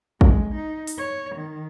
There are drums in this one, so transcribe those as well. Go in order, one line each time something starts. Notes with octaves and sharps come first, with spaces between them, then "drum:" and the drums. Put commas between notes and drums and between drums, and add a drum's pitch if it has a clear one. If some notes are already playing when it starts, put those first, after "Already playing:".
G#3, drum: kick A1
D#4
drum: open hi-hat
C#5
D#3